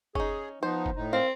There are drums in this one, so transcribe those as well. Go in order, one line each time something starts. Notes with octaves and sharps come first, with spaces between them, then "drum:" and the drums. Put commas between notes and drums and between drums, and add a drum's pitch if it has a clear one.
C#4 D#4 G#4, drum: kick F#1
F3 B3 D#4 C5
drum: kick F#1
A2 D#4
C4 F5